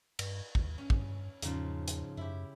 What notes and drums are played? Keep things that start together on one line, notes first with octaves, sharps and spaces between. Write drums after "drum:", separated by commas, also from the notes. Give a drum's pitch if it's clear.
G2, drum: cymbal
D#2, drum: kick
C#4
G2, drum: kick
E2 G#2 C#3 F3, drum: hi-hat
drum: hi-hat
F#2 E4 G4